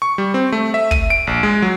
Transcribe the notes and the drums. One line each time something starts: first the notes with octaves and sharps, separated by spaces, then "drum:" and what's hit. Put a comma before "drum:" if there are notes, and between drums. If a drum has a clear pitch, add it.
C#6
G3
C4
A3
E5
D#7, drum: kick
D7
A#1
G#3
F#3